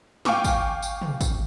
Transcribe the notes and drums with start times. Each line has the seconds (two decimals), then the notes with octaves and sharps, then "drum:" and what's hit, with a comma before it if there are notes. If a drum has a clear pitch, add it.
0.25 F5 G5 G#5 C#6 D6, drum: snare
0.44 drum: kick, tambourine
0.82 drum: tambourine
1.02 drum: tom
1.21 drum: kick, tambourine